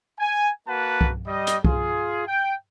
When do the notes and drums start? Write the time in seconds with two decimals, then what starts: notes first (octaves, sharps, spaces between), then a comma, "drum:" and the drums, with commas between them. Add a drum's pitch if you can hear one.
0.19 G#5
0.67 A#3 F#4 B4 F#5 A5
1.01 drum: kick C2
1.27 G3 D#5
1.47 drum: hi-hat
1.65 F4 G#4, drum: kick C2
2.26 G5